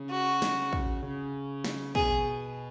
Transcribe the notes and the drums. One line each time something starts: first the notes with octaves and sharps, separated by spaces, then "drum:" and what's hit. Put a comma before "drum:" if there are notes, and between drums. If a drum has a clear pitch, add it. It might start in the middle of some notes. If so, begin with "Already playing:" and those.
Already playing: C#3
F#4
drum: snare
drum: kick
C#3
drum: snare
B2 G#4, drum: kick